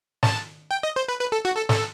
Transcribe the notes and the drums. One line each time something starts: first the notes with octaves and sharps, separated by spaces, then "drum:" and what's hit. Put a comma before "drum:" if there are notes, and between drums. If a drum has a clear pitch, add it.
A5, drum: snare
G5
D#5
C5
B4
B4
A4
F#4
A4
A4, drum: snare